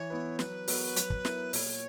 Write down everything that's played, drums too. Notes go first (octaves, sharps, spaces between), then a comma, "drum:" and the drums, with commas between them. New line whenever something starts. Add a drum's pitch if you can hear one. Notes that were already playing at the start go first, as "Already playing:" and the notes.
Already playing: E3 C#5
B3 E4 B4
F#3 B4, drum: snare
B3 F#4 A#4 C#5, drum: open hi-hat
F#3, drum: hi-hat
drum: kick
B3 E4 A#4, drum: snare
A#2 C#5, drum: open hi-hat